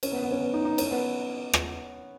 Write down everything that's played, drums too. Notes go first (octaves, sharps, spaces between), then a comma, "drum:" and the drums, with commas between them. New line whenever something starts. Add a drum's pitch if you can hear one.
C#4, drum: cymbal
B3
B3
C#4
B3
D#4
D#4
C#4, drum: cymbal
B3
drum: rim click